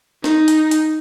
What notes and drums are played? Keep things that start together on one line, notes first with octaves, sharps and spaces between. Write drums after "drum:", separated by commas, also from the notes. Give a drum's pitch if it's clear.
D#4, drum: snare
drum: hi-hat
drum: hi-hat